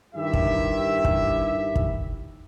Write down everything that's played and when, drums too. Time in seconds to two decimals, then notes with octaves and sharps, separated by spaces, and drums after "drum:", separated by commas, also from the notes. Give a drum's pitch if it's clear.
0.16 G2 D#3 E4 G4 E5
0.33 drum: kick
1.04 drum: kick
1.76 drum: kick